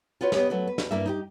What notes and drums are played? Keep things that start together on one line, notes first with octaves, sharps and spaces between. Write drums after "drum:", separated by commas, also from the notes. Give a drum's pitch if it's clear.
F4 F#4 B4 C#5
B3 G4 C#5 D#5, drum: snare
F#3 A3 B4
B4
drum: snare
G2 A#3 E4 E5
D#4 E4 G4